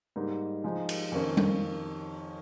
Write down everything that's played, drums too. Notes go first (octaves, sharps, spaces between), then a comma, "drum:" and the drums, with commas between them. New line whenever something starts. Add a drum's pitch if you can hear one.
G#2 G3 A#3 D#4
F3 G#3 D#4
drum: cymbal
F2 D#3 A#3 C#4
drum: tom G3